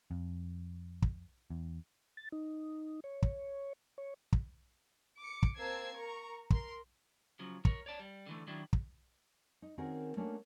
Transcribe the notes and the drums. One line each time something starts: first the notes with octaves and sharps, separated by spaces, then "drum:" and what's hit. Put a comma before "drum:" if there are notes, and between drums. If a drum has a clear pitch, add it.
F2
drum: kick
E2
A6
D#4
C#5
drum: kick
C#5
drum: kick
D6 C#7
drum: kick
A#3 C4 A5 E6 G#6 C7
A#4 A#5 C#6
A#4 C6, drum: kick
C#3 F3 F#3
A#4 C#5, drum: kick
C#5 D5 A5
G3
D3 E3 A3
D#3 F#3 D4 E4
drum: kick
D#4
D#3 C4 C#4 F#4 G#4 A#4
A3 A#3 C#4 D4 F#4